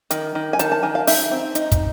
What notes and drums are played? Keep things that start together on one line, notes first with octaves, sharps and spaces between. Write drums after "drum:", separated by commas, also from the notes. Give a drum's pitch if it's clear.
D#3, drum: hi-hat
D#3
G#5
D#3 A5, drum: hi-hat
A5
D#3 G#5
F5
D#4 E5, drum: open hi-hat
C4
D#4, drum: hi-hat
drum: kick, hi-hat